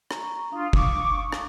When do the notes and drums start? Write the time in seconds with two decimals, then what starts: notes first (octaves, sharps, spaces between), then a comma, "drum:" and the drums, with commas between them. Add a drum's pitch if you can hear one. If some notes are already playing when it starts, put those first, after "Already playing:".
0.11 A#5 C#6, drum: rim click
0.52 D4 F4 F5 D#6
0.73 C#6 D6, drum: kick
1.32 drum: rim click